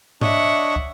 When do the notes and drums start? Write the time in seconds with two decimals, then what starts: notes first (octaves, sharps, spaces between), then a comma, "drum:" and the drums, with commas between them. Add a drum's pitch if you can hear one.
0.21 D4 C#5 D#5 E5 F#5, drum: tom G#2
0.76 drum: kick